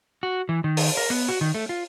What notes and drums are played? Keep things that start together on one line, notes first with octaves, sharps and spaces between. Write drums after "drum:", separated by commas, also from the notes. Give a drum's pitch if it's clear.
F#4
E3
D#3
drum: open hi-hat
A#4
B3
F#4
D#3
A3
F4